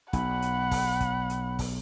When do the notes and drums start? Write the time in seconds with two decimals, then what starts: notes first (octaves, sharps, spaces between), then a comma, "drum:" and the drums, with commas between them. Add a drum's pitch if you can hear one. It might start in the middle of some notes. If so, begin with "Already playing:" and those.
0.13 B1 F#5 B5, drum: kick, hi-hat
0.42 drum: hi-hat
0.71 drum: kick, open hi-hat
1.00 drum: kick, hi-hat
1.30 drum: hi-hat
1.59 drum: kick, open hi-hat